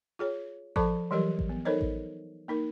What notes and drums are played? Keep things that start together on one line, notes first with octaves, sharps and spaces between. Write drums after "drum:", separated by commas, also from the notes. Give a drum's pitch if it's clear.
F4 G#4 C#5
F3 A4 C5 A5 B5 C#6, drum: kick A1
E3 F#3 G3 G4 A#4 D#5
drum: kick A1
B3
D#4 A4 A#4 C5 C#5 D#5
drum: kick A1
A#3 D#4 A#4